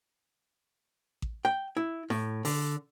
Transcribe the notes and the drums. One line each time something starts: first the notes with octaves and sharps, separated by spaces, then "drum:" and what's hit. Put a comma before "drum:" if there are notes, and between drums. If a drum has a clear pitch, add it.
drum: kick A1
G5
E4
A2, drum: snare E4
D3, drum: open hi-hat